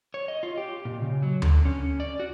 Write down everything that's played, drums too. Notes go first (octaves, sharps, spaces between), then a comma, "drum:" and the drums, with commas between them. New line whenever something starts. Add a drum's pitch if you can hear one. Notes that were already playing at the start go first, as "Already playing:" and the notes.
C#5
D#5
F4
G4
A#2
C#3
F#3
D3, drum: tom D2
C#4
D5
F#4